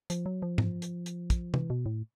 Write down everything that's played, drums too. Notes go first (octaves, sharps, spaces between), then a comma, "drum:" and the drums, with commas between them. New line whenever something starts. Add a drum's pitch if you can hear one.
F3, drum: hi-hat
F#3
F3
drum: tom G#2
drum: hi-hat
drum: hi-hat
drum: kick, hi-hat
E3, drum: tom C3
B2
A2